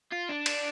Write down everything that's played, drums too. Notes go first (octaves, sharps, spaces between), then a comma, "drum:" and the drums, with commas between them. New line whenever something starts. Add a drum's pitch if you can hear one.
F4
D4
drum: cymbal